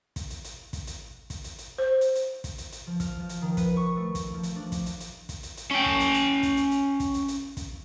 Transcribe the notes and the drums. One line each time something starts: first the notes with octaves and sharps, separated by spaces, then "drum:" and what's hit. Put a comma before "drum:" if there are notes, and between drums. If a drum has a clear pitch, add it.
drum: kick, hi-hat
drum: hi-hat
drum: hi-hat
drum: kick, hi-hat
drum: hi-hat
drum: kick, hi-hat
drum: hi-hat
drum: hi-hat
C5
drum: hi-hat
drum: hi-hat
drum: kick, hi-hat
drum: hi-hat
drum: hi-hat
F3
F6, drum: kick, hi-hat
F3
drum: hi-hat
D#3
B4, drum: kick, hi-hat
C#6
A3
drum: kick, hi-hat
F3
drum: hi-hat
D4
drum: kick, hi-hat
drum: hi-hat
drum: hi-hat
drum: kick, hi-hat
drum: hi-hat
drum: hi-hat
C#4 G5
drum: kick
drum: hi-hat
drum: hi-hat
drum: kick, hi-hat
drum: hi-hat
drum: hi-hat
drum: kick, hi-hat
drum: hi-hat
drum: hi-hat
drum: kick, hi-hat